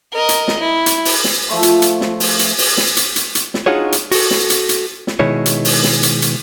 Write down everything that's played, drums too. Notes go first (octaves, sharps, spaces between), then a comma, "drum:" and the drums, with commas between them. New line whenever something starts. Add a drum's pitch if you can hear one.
A#4 D#5
drum: hi-hat
drum: snare
E4
drum: hi-hat
drum: open hi-hat
drum: snare
F3 A3 C6
drum: hi-hat
drum: hi-hat
drum: snare
drum: open hi-hat
drum: hi-hat
drum: open hi-hat
drum: snare
drum: hi-hat
drum: hi-hat
drum: hi-hat
drum: snare
D4 D#4 F4 F#4 G#4 C#5
drum: hi-hat
F#4 A4, drum: open hi-hat
drum: snare
drum: hi-hat
drum: hi-hat
drum: snare
B2 D#3 G#3 E4 C#5
drum: hi-hat
drum: open hi-hat
drum: snare
drum: hi-hat
drum: hi-hat